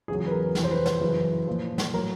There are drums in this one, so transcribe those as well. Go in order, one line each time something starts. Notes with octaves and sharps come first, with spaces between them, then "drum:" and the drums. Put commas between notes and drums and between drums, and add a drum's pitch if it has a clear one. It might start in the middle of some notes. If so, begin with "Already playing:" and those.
E2 C#3 F#3 G#4
G#4
B4
A#4
B4
F2 C3 E3 B4, drum: snare
C5
B4
C5, drum: snare
F#2 C#3 E3 B4
A#2 F3
drum: snare
A2 F#3 A#4